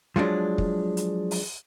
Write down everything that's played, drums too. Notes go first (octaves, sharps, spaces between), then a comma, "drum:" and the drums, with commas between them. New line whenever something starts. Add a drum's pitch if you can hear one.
F3 F#3 G#3 D4
drum: kick
drum: hi-hat
drum: open hi-hat